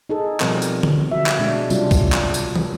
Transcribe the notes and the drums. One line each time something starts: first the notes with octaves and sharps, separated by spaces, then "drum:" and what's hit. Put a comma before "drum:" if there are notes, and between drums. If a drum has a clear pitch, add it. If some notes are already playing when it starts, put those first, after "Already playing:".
D#4 G#4 A4
B2 F3 G3 C4 A#4, drum: clap
drum: tambourine
drum: tom D3
F#4 E5
drum: clap
B2 G#3 D4
C3 F#3 G3 C#4 D4 F4, drum: tambourine
drum: kick C2, tambourine
drum: clap
drum: tambourine
drum: tom